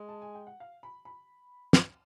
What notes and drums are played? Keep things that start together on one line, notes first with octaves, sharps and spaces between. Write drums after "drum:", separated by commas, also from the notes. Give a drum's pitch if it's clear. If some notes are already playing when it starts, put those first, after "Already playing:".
Already playing: G#3
A5
G#5
G5
F#5
F5
B5
B5
drum: snare